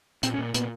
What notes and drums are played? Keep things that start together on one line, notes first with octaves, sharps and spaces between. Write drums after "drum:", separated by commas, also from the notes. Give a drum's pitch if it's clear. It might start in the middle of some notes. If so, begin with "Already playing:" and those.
A#2 C4, drum: hi-hat
C#4
A#2
A#2 B3, drum: hi-hat